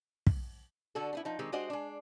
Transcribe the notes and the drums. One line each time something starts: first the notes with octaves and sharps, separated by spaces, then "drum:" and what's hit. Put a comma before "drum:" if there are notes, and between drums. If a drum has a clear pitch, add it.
drum: kick
D3 F#4 A4
G3 B3 E4
F3 D#4
D#3 G#3 C4 G4
G#3 D4 F#4 G4 C5 D#5
G#3 D4